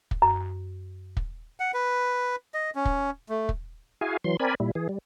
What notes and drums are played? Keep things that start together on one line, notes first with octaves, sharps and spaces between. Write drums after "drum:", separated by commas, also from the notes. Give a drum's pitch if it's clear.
drum: kick
F#2
drum: kick
F#5
B4
D#5
C#4
drum: kick
A3
drum: kick
E4 F#4 G#4 F5 G#5
E3 F#3 C6
C4 A#4 D5 G#5 B5
A#2 G3 E4
E3 G#4
G3